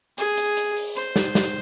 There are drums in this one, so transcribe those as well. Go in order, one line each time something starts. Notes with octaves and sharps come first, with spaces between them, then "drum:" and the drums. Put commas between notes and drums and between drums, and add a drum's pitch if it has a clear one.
G#4, drum: hi-hat
drum: hi-hat
drum: hi-hat
drum: open hi-hat
C5, drum: hi-hat
drum: snare
drum: snare